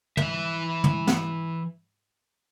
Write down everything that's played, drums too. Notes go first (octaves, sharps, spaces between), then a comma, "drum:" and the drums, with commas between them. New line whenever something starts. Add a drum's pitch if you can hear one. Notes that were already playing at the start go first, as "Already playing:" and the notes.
E3 E5, drum: tom
drum: tom
drum: snare